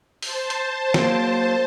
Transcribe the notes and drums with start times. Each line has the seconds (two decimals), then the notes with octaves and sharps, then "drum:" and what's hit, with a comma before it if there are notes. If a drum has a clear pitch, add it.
0.22 C5 A5, drum: open hi-hat
0.50 drum: hi-hat
0.94 F#3 A#3, drum: snare